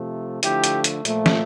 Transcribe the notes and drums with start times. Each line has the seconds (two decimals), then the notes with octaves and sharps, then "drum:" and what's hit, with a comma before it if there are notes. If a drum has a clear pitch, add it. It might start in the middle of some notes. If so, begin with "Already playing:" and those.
Already playing: C3 F3 A3
0.43 D3 F3 A3 E4 G4, drum: hi-hat
0.64 drum: hi-hat
0.84 drum: hi-hat
1.05 A#2 F3 A3, drum: hi-hat
1.26 drum: snare